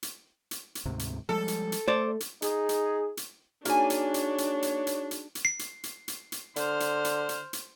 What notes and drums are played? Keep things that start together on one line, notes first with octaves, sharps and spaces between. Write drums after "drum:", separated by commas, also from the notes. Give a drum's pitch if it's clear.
drum: hi-hat
drum: hi-hat
drum: hi-hat
D2 G#2 C3
drum: hi-hat
F3 G3 G#3 A4
drum: hi-hat
drum: hi-hat
A3 C5 D5
drum: hi-hat
D#4 G#4, drum: hi-hat
drum: hi-hat
drum: hi-hat
A#3 D4 D#4 F#4 G#4 C#5 G#5, drum: hi-hat
drum: hi-hat
drum: hi-hat
drum: hi-hat
drum: hi-hat
drum: hi-hat
drum: hi-hat
drum: hi-hat
C7
drum: hi-hat
drum: hi-hat
drum: hi-hat
drum: hi-hat
D3 C5 F6, drum: hi-hat
drum: hi-hat
drum: hi-hat
drum: hi-hat
drum: hi-hat